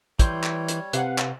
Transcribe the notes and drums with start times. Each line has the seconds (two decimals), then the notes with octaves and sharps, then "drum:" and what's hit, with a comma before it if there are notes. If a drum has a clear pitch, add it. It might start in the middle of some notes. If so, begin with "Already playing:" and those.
0.19 E3 G3 C#5 C6 G6, drum: kick, hi-hat
0.44 drum: clap
0.69 drum: hi-hat
0.93 C3 B4 F5 F#5, drum: hi-hat
1.18 drum: clap